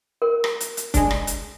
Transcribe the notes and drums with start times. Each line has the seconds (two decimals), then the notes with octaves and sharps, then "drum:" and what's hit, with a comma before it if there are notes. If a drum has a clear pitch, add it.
0.22 A#4
0.44 drum: rim click
0.60 drum: hi-hat
0.77 drum: hi-hat
0.94 G#3 D4, drum: kick C#1, hi-hat
1.11 drum: rim click
1.27 drum: hi-hat